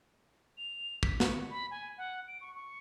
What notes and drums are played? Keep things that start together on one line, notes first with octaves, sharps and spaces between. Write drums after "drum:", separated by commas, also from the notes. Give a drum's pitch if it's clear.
F7
B6, drum: kick
C#6, drum: snare
B5
G#5
F#5
D7
C#6
C#6